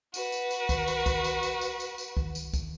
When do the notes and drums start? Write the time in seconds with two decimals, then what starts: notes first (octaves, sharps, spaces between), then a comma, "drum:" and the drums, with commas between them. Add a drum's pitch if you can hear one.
0.14 F#4 B4, drum: tambourine
0.32 drum: tambourine
0.51 drum: tambourine
0.69 drum: kick, tambourine
0.88 drum: tambourine
1.06 drum: kick, tambourine
1.24 drum: tambourine
1.43 drum: tambourine
1.61 drum: tambourine
1.80 drum: tambourine
1.98 drum: tambourine
2.17 drum: kick
2.35 drum: tambourine
2.53 drum: kick, tambourine